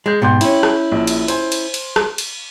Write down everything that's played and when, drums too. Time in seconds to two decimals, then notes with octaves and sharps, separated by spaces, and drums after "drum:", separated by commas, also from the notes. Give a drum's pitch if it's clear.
0.06 G#3 G#4 G6
0.22 G#2 B2 G4 C6 G6
0.41 C#4 E4, drum: cymbal
0.63 drum: rim click
0.92 A#1
1.07 drum: cymbal
1.28 C5 G#5, drum: cymbal
1.52 drum: cymbal
1.74 drum: cymbal
1.96 drum: rim click
2.18 drum: cymbal